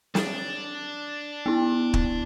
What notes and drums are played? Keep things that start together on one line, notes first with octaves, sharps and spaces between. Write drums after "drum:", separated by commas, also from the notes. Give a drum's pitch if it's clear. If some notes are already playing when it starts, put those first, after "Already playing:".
D4, drum: snare
B3 E4
drum: kick